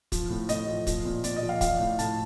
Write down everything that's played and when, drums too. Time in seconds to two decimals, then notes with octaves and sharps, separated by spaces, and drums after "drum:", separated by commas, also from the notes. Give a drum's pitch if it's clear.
0.12 F3, drum: kick, hi-hat
0.30 A2
0.49 A2 D#5, drum: hi-hat
0.68 F3
0.87 F3, drum: kick, hi-hat
1.05 A#2
1.24 A#2 D5, drum: hi-hat
1.36 D#5
1.43 F3
1.49 F5
1.61 F3 F5, drum: kick, hi-hat
1.80 A2
1.99 A2 A5, drum: hi-hat